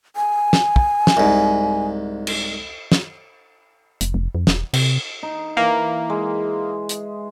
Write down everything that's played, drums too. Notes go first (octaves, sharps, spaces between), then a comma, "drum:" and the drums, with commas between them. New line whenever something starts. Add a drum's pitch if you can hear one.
G#5
drum: snare
drum: kick
drum: snare
C2 G#2
drum: cymbal
drum: snare
F1, drum: hi-hat
F1
F2
E1, drum: snare
C3, drum: cymbal
D#4
E3 A#3
G#3
drum: hi-hat